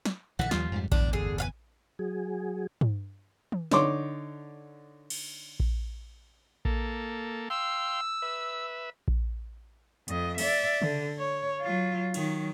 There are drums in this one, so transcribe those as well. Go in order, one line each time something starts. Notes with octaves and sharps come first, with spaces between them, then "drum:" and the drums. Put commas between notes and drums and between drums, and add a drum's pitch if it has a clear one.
drum: snare
A#1 D3 E3 E5 F#5
D#2 F3 G3 F4, drum: snare
F2 G#2 G3
G1 E2 A2 D4, drum: kick A#1
D3 G#4
B4 F5 G#5
F#3 G#4
drum: tom
drum: tom
D3 D#4 C#5 C6 D6, drum: snare
drum: cymbal
drum: kick A#1
A#3 A4, drum: kick A#1
F5 G5 C6 E6
B4 E5
drum: kick A#1
F2 D#5, drum: hi-hat
D5 E5, drum: cymbal
D3, drum: tom
C#5
F#3 F4
D#3 F#3, drum: cymbal